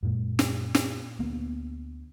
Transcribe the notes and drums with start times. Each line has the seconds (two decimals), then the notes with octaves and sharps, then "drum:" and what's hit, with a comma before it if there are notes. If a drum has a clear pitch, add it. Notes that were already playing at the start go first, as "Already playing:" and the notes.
0.03 F#2 A#2 G#3
0.39 drum: snare
0.75 drum: snare
1.19 D2 A#3 B3